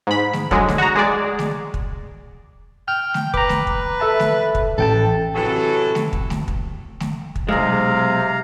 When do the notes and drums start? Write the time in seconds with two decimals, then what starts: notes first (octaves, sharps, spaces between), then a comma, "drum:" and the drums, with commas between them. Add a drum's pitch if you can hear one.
0.07 G#2 B5
0.33 drum: snare A3
0.51 D3 F#3 G#3, drum: kick
0.68 drum: snare A3
0.78 F#4 A#5
0.95 G#3 G#4 D5
1.39 drum: snare A3
1.74 drum: kick
2.88 G5 F6
3.14 drum: snare A3
3.34 B4 A#5 D6, drum: kick
3.49 drum: snare A3
3.67 drum: kick
4.00 A4 E5 A5
4.20 drum: snare A3
4.55 drum: kick
4.78 A1 A4 G5 A5
5.35 C3 E3 F#3 F#4 A4
5.95 drum: snare A3
6.13 drum: kick
6.30 drum: snare A3
6.48 drum: kick
7.00 drum: snare A3
7.36 drum: kick
7.49 B1 C3 G#3 F5 A#5